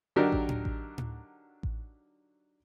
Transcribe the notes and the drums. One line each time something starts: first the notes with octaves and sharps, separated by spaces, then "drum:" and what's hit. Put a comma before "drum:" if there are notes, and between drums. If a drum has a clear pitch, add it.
D3 F#3 D4 D#4 G4 A#4
drum: kick A1
drum: tom A2
drum: kick A1
drum: tom A2
drum: kick A1